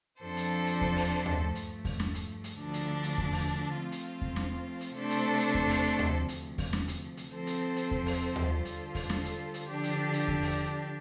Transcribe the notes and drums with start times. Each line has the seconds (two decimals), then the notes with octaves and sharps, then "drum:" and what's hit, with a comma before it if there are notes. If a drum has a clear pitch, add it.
0.22 F2 F3 D4 A4 C5
0.37 drum: hi-hat
0.66 drum: hi-hat
0.81 drum: kick E2
0.96 drum: open hi-hat
1.26 drum: tom D#2
1.41 G2 F3 A3
1.55 drum: hi-hat
1.85 drum: kick E2, open hi-hat
2.00 drum: snare
2.14 drum: hi-hat
2.44 drum: hi-hat
2.58 D2 D3 F3 D4
2.74 drum: hi-hat
3.03 drum: hi-hat
3.18 drum: kick E2
3.33 drum: open hi-hat
3.77 F3 A3 C4 F4 C5
3.92 drum: hi-hat
4.21 drum: kick E2
4.36 drum: snare
4.81 drum: hi-hat
4.95 C3 A3 D4 A4 C5
5.10 drum: hi-hat
5.40 drum: hi-hat
5.55 drum: kick E2
5.69 drum: open hi-hat
5.99 drum: tom D#2
6.14 D2 C3 F3
6.29 drum: hi-hat
6.58 drum: kick E2, open hi-hat
6.73 drum: snare
6.88 drum: hi-hat
7.17 drum: hi-hat
7.32 F3 C4 A4 C5
7.47 drum: hi-hat
7.76 drum: hi-hat
7.91 drum: kick E2
8.06 drum: open hi-hat
8.36 drum: tom D#2
8.51 D3 G3 F4 A4 C5
8.65 drum: hi-hat
8.95 drum: kick E2, open hi-hat
9.10 drum: snare
9.24 drum: hi-hat
9.54 drum: hi-hat
9.69 D3 F3 D4 G4
9.84 drum: hi-hat
10.13 drum: hi-hat
10.28 drum: kick E2
10.43 drum: open hi-hat